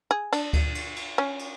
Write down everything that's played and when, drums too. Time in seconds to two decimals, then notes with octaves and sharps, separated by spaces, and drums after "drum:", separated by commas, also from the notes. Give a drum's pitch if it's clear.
0.11 G#4
0.33 D4, drum: cymbal
0.53 drum: kick D2, cymbal
0.75 drum: cymbal
0.96 drum: cymbal
1.18 C#4
1.39 drum: cymbal